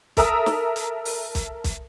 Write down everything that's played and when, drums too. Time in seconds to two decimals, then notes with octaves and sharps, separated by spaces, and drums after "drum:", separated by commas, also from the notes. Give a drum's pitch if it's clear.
0.17 A4 A#4 E5 A#5 D#6 E6, drum: kick, hi-hat
0.46 drum: snare
0.76 drum: hi-hat
1.05 drum: open hi-hat
1.35 drum: kick, hi-hat
1.64 drum: kick, hi-hat